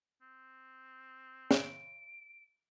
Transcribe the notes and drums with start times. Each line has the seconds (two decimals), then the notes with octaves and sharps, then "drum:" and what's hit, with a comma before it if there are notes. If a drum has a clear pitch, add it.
0.22 C4
1.51 D7, drum: snare